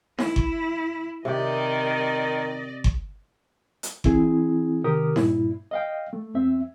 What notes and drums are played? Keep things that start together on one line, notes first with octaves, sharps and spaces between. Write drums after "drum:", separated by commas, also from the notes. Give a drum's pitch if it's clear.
E4, drum: snare D#4
drum: kick G1
C3 D#3 G4 D5 D#5
drum: kick G1
drum: hi-hat
E3 C4 E4 G#4, drum: kick G1
C3 D#3 G4 A#4 D#6
G2 A#2 E4, drum: snare D#4
D#5 F5 G5
A3
E2 C4 E5